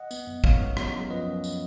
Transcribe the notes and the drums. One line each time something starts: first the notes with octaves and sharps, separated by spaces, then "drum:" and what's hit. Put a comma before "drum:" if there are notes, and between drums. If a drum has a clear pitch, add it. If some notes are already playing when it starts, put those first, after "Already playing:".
Already playing: D#5 F#5
B3, drum: tambourine
F#2
F#2 C#5 F5, drum: kick
B3
F#2, drum: rim click
F#2
F3 B4 D#5
F#2
drum: tambourine